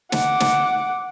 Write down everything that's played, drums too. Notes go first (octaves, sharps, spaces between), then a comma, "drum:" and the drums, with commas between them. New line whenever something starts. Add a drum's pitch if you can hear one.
F#5 D6, drum: snare
drum: snare